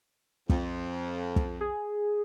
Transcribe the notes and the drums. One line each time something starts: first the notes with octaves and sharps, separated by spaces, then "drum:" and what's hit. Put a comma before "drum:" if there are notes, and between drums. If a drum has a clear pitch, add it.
F2, drum: kick
drum: kick
G#4